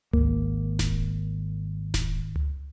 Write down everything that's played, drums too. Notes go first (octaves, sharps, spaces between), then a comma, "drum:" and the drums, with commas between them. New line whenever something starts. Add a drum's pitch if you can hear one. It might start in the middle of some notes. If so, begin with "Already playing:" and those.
G#1 A#3, drum: tom C#2
drum: snare D#1
drum: snare D#1
drum: tom C#2